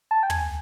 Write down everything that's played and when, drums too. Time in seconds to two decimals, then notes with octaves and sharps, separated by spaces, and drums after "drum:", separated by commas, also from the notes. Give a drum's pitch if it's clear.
0.11 A5
0.23 G5
0.30 G#5, drum: tom